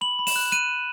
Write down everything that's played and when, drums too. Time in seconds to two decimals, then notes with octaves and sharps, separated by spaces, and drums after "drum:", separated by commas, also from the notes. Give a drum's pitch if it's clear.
0.01 B5 F#7
0.19 B5
0.27 E7, drum: open hi-hat
0.36 F#6
0.52 F#6 D#7
0.69 B5